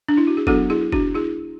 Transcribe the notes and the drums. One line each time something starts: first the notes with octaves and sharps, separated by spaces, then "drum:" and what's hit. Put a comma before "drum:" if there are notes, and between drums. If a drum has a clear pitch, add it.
D4
E4
F#4
G#4
F#3 B3 D4 F#4 A4, drum: kick
E4 G#4
D4 F#4, drum: kick
E4 G#4